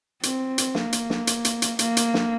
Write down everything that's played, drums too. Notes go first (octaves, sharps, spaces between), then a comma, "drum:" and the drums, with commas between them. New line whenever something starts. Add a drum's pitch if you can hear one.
C4, drum: hi-hat
drum: hi-hat
A#3, drum: snare
drum: hi-hat
drum: snare
drum: hi-hat
drum: hi-hat
drum: hi-hat
A#3, drum: hi-hat
drum: hi-hat
drum: snare